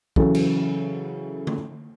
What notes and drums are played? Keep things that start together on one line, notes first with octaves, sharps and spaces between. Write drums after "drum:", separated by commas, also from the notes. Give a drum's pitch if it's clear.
C#3 E3 F#3 A4, drum: kick
drum: cymbal
drum: tom D3